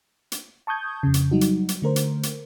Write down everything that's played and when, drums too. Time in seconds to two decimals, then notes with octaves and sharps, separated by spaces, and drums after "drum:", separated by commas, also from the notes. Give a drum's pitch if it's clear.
0.32 drum: hi-hat
0.67 A5 C#6 D#6 G6 G#6
1.03 F2 C#3
1.14 drum: hi-hat
1.31 F#3 G3 D#4 F#4
1.41 drum: hi-hat
1.69 drum: hi-hat
1.82 D3 A3 A#4 C5
1.96 drum: hi-hat
2.23 drum: hi-hat